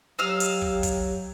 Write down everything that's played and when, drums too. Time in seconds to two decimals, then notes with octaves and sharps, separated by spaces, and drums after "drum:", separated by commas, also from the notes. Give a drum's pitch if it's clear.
0.19 F#3 G4 D#5 F5 E6
0.40 drum: hi-hat
0.62 drum: kick
0.83 drum: kick, hi-hat